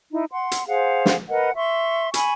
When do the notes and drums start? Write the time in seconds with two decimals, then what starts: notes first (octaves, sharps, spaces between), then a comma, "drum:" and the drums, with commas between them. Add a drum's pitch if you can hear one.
0.12 D#4 E4
0.32 F#5 C6
0.51 drum: hi-hat
0.68 G#4 C5 F5 F#5
1.06 drum: snare
1.29 A#4 B4 D#5 F#5
1.57 E5 C6 C#6
2.14 G#5 B5 C#6, drum: hi-hat